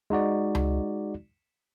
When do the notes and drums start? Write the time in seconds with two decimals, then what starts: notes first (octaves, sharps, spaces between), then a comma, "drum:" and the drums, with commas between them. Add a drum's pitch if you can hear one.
0.10 G#3 D#4 F#4 D5
0.55 drum: tom C#2